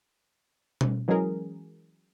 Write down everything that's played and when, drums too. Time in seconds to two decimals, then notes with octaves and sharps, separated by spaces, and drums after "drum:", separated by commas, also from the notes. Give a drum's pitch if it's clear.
0.81 drum: tom B2
1.08 E3 F#3 G#3 C#4 G#4 A#4